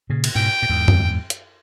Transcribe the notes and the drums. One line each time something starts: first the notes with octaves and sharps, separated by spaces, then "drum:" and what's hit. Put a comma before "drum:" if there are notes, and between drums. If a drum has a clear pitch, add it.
A#2 C#3
drum: cymbal
G#2 B2 G5
A#2
E2 G#2
drum: tom F#2
drum: hi-hat